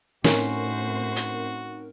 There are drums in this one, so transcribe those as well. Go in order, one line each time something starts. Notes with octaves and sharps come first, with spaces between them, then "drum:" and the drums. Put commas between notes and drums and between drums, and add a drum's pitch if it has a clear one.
A2 C4 C#4 D#4 F#4 A#4 C5, drum: snare
drum: hi-hat